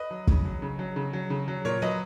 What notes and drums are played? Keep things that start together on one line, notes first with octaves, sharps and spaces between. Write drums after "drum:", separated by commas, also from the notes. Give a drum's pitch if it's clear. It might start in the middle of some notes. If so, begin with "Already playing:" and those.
Already playing: B4 D#5
F#3
C#3, drum: kick
F#3
C#3
F#3
C#3
F#3
C#3
F#3
A#2 A#4 C#5
F#3 B4 D#5